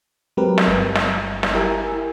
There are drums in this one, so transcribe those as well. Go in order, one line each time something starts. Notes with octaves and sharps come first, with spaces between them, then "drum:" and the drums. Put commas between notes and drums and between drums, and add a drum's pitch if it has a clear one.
F#3 G#3 C4 G4 A#4 B4
drum: snare
G1
drum: snare
drum: snare
E4 G4 A#4 E5 G#5